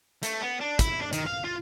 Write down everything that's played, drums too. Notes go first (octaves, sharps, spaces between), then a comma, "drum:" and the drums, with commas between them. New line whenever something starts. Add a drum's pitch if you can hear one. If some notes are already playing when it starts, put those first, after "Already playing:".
A3, drum: hi-hat
B3
D4
E4, drum: kick, hi-hat
D4
D#3, drum: hi-hat
F5
F4